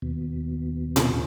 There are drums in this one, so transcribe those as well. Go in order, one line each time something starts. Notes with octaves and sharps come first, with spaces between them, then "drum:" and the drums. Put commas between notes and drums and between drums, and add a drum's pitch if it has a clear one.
D#2 B2
drum: tom A#2